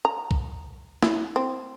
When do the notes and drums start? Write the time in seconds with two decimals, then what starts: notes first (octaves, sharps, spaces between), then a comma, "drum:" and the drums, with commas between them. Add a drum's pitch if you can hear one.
0.05 A#5
0.31 drum: kick B1
1.03 E4, drum: snare
1.36 C4